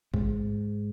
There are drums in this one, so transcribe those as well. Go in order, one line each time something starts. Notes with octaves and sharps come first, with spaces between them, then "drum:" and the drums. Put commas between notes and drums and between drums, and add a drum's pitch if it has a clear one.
G#2, drum: kick